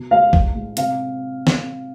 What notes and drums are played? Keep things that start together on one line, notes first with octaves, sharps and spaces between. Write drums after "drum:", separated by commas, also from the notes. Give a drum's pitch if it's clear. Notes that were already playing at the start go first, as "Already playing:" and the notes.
Already playing: B2
G#3 F5
A2, drum: kick
G#3
C3 F5, drum: hi-hat
drum: snare